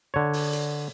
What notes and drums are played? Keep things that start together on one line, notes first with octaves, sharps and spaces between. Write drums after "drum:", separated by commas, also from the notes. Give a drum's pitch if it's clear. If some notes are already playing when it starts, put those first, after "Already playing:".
D3 C#5
drum: open hi-hat
drum: hi-hat